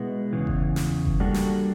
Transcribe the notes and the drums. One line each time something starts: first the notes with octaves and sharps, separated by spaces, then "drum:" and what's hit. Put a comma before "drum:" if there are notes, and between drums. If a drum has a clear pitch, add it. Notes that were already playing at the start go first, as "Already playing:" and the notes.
Already playing: B2 G#3 B3 E4
E2 C#3 E3
drum: kick F#1
drum: snare
drum: kick F#1
G3 A#3 D4 F#4 A4
drum: snare